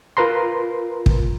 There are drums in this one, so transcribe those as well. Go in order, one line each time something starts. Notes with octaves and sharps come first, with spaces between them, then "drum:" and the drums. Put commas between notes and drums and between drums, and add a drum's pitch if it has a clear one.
F4 A#4 B4 A#5 C6
drum: kick